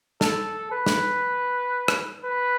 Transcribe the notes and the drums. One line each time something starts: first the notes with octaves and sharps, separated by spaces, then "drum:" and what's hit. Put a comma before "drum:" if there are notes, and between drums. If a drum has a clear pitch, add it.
A4, drum: snare
B4
drum: snare
drum: rim click
B4